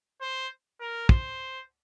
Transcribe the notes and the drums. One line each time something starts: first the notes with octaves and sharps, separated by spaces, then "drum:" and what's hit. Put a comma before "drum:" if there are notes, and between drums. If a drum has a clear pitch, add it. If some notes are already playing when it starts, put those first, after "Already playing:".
C5
A#4
C5, drum: kick